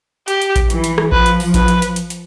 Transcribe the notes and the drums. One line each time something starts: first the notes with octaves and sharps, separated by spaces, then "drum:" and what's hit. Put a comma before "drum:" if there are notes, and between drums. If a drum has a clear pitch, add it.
G4, drum: hi-hat
drum: hi-hat
drum: kick A#1, hi-hat
E3, drum: hi-hat
drum: hi-hat
drum: rim click
F3 B4, drum: kick A#1
drum: hi-hat
drum: open hi-hat
B4, drum: kick A#1, hi-hat
drum: hi-hat
drum: hi-hat
drum: hi-hat
drum: hi-hat